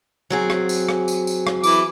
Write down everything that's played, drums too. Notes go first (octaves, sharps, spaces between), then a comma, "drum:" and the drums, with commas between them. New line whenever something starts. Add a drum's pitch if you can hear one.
F#3 C4 G#4
drum: rim click
drum: tambourine
drum: rim click
drum: tambourine
drum: tambourine
drum: rim click
E3 D6, drum: tambourine